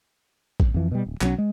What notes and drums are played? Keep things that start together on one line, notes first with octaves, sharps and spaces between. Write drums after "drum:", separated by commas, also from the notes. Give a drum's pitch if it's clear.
drum: kick A1
F2 E3 F3
B2 G3
D1
B1 F#3 G3 C#4, drum: clap
G#3